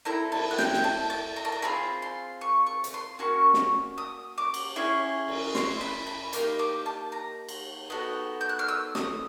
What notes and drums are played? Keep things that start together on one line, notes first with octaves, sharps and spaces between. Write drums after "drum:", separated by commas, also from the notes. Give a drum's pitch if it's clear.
C4 E4 A4 A#5
A5, drum: cymbal
F#5
G5, drum: snare
drum: snare
A5
A5
A#5
A5
A#5
C4 F4 G#4 B5
C6
C#6
C#6
drum: hi-hat
C6
A#3 C#4 F#4 C#6
drum: snare
D#6
D6
drum: cymbal
C#4 E4 G#4
drum: cymbal
C6, drum: snare
B5
B5
A#3 D#4 G4 C6, drum: hi-hat
D6
A5
A#5
drum: cymbal
B3 D#4 F#4 A4
G6
F#6
F6
E6
D#6, drum: snare